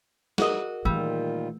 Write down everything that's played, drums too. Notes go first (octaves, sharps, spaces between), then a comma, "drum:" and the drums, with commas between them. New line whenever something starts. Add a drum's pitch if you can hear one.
F#4 G#4 A#4 D#5, drum: snare
A#2 D#3 E3 G3 A3 F4 E6